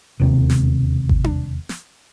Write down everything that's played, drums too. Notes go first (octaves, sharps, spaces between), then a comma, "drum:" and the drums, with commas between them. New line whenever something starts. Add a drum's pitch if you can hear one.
E1 D#2 C3
drum: snare
drum: kick G#1
drum: tom D4
drum: snare